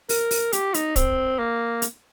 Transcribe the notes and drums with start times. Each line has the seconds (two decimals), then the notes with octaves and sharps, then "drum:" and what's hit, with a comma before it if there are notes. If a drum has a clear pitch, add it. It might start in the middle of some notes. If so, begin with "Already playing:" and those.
0.09 A#4, drum: open hi-hat
0.31 drum: open hi-hat
0.53 G4, drum: hi-hat
0.74 D#4, drum: hi-hat
0.96 C4, drum: kick, hi-hat
1.39 A#3
1.82 drum: hi-hat